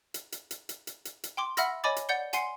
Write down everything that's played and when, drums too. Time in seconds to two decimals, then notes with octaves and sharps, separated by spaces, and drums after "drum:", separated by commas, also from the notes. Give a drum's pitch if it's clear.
0.14 drum: hi-hat
0.32 drum: hi-hat
0.51 drum: hi-hat
0.69 drum: hi-hat
0.87 drum: hi-hat
1.05 drum: hi-hat
1.24 drum: hi-hat
1.37 G5 C6 D6
1.57 E5 F#5 B5 E6 F6 A#6, drum: hi-hat
1.84 C#5 D#5 G#5 B5 D6 A6
1.96 drum: hi-hat
2.09 D5 F#5 G6 A6 C#7 G7
2.33 F#5 G#5 C6 C7 C#7, drum: hi-hat